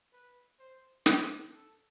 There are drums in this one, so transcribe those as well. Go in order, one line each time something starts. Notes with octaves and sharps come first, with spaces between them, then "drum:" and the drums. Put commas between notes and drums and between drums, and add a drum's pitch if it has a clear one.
B4
C5
C5, drum: snare
A4